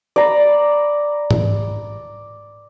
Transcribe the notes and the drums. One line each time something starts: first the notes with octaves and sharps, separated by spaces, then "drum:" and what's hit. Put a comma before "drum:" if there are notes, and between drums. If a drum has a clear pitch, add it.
D5 A#5 B5
drum: tom G#2